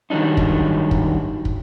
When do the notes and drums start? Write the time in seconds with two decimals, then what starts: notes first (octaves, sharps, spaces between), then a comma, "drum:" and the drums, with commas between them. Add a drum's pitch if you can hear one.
0.10 D#3 F#3 G3 D4 D#4
0.37 drum: kick
0.91 drum: kick
1.45 drum: kick